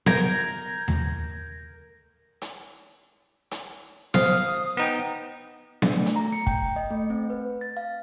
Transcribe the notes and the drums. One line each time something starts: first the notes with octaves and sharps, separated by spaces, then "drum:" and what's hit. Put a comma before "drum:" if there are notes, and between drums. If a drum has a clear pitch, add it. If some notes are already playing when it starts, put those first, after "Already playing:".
A#4 G6 G#6 A#6, drum: snare B3
drum: tom D#2
drum: hi-hat
drum: hi-hat
C5 F5 D#6, drum: snare B3
B3 D#4 G5
D4, drum: snare B3
A3
drum: hi-hat
A#5
C#7
G5, drum: kick
D#5
A3
C4
B4
A6
F5